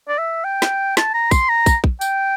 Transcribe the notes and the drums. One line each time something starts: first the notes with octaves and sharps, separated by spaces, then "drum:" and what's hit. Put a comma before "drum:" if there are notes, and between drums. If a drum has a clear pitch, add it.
D5
E5
G5
drum: snare
A5, drum: snare
A#5
C6, drum: kick, tambourine
A#5
drum: kick, tambourine
drum: kick
G5, drum: tambourine